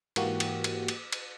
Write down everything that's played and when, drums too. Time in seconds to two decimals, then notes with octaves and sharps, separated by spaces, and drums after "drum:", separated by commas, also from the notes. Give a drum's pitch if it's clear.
0.16 G#2 E3 A#3 F#4 G4, drum: cymbal
0.40 drum: cymbal
0.64 drum: cymbal
0.88 drum: cymbal
1.12 drum: cymbal